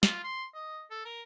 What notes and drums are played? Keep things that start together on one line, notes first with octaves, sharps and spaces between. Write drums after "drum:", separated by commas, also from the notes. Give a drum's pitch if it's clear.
F4, drum: snare
C6
D#5
A4
A#4